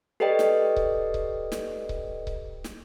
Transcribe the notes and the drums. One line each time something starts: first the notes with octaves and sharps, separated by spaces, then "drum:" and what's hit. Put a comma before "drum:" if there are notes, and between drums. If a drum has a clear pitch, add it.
G4 A4 B4 D5 D#5 G5
drum: snare
drum: kick C#1
drum: kick C#1
drum: snare
drum: kick C#1
drum: kick C#1
drum: snare